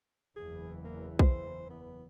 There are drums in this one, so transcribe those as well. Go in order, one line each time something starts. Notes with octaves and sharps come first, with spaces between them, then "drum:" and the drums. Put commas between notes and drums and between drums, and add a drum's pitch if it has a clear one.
F#1 E2 E3 G#4
A#3
C5, drum: kick B1
B3